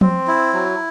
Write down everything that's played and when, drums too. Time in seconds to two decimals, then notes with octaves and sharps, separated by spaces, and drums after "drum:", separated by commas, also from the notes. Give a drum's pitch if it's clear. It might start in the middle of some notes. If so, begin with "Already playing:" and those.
0.01 C4, drum: tom F3
0.27 E4
0.53 F#3